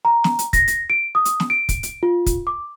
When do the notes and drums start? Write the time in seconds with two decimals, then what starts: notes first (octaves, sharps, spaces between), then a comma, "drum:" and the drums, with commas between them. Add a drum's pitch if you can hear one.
0.05 A#5
0.24 drum: snare
0.39 drum: hi-hat
0.53 A#6, drum: kick, hi-hat
0.68 drum: hi-hat
0.90 D7
1.15 D#6
1.25 drum: hi-hat
1.40 drum: snare
1.50 D7
1.69 drum: kick, hi-hat
1.83 drum: hi-hat
2.03 F4
2.26 drum: kick, hi-hat
2.47 D6